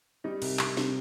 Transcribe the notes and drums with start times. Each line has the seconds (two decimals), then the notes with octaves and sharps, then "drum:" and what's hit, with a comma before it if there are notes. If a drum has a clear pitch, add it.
0.24 G3 D#4
0.42 C2, drum: cymbal
0.59 C2, drum: clap
0.77 C3, drum: snare